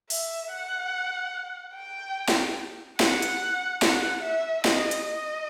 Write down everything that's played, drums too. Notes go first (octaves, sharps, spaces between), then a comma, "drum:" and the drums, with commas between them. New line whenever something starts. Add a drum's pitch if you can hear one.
E5, drum: open hi-hat
F#5
G5
drum: snare
F#5, drum: snare
drum: hi-hat
F#5, drum: snare
E5
D#5, drum: snare
drum: hi-hat
D#5